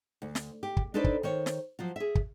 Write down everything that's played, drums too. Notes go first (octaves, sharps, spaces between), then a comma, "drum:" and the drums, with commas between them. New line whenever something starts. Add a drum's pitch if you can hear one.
D2
drum: snare
G4
drum: kick
D4 D#4 A4 B4 C5 D5
drum: kick
D#3 C5 C#5
drum: snare
F3 F#3 F4
G#4 E5
drum: kick